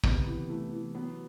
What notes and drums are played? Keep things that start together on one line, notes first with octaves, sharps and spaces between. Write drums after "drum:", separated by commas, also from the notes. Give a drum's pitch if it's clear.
C3 B3, drum: kick
E3
E3 A3
E3
F#3 B3